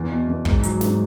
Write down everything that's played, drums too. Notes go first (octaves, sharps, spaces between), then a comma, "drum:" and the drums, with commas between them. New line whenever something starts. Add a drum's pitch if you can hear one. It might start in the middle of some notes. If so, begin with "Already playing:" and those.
Already playing: E2 E3
B2
E2
G#2, drum: kick
F#3, drum: hi-hat
G#2, drum: snare